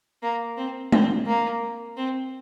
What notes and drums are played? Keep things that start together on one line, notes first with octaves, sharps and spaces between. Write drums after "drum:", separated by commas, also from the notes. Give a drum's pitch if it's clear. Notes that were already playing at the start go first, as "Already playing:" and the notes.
A#3
C4
C4, drum: tom G#3
A#3
C4